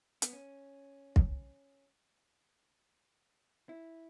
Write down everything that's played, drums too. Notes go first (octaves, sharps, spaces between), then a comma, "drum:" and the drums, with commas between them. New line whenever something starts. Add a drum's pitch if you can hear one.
B3, drum: hi-hat
C#4
drum: kick
E4